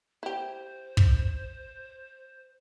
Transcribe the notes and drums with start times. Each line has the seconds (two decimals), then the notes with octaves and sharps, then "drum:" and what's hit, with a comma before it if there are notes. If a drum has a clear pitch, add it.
0.23 E4 G4 C5
0.97 drum: kick